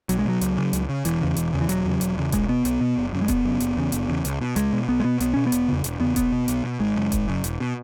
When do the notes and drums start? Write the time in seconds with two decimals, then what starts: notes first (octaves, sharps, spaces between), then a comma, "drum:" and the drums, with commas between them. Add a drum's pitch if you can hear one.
0.09 B1 F#3, drum: hi-hat
0.19 G#3
0.25 B2 F#3
0.41 C#2, drum: hi-hat
0.58 C#3
0.73 C#2, drum: hi-hat
0.89 C#3
1.05 E1 E3, drum: hi-hat
1.21 E2 C#3
1.36 E1, drum: hi-hat
1.53 E2 C#3
1.61 E3
1.69 E1 F#3, drum: hi-hat
1.85 E2 C#3
2.01 E1, drum: hi-hat
2.17 E2 C#3
2.32 B1 G#3, drum: kick E1, hi-hat
2.48 B2 B3
2.65 B1, drum: hi-hat
2.81 B2
2.97 F#1
3.13 F#2 C#3
3.22 G#3
3.28 F#1 B3, drum: kick E1, hi-hat
3.44 F#2 C#3
3.60 F#1, drum: hi-hat
3.77 E2 C#3
3.92 F#1, drum: hi-hat
4.09 E2 C#3
4.25 C#2, drum: hi-hat
4.41 B2
4.56 C#2 G#3, drum: hi-hat
4.73 B2
4.88 B1 B3
5.00 G#3
5.04 B2 B3
5.20 B1 B3, drum: hi-hat
5.34 B2 C#4
5.46 B3
5.52 E1, drum: hi-hat
5.68 E2 C#3
5.84 E1, drum: hi-hat
6.00 E2 C#3 B3
6.16 B1 B3, drum: kick E1, hi-hat
6.32 B2
6.48 B1, drum: hi-hat
6.64 B2
6.80 G#1 G#3
6.96 F#2 C#3
7.12 G#1, drum: kick E1, hi-hat
7.28 F#2 C#3
7.44 E1, drum: hi-hat
7.60 B2